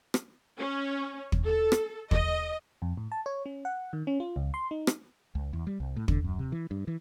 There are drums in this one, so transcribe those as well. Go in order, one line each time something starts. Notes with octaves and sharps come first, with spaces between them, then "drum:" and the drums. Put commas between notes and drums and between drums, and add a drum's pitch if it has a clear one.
drum: rim click
C#4
drum: kick
A4
drum: rim click
D#5, drum: kick
F2
A2
A5
C#5
C#4
F#5
D#3
C#4
F4
C#2
C6
D#4
drum: rim click
C#2
E2
G3
C2
A2
D3, drum: kick
F#2
C3
E3
G2
E3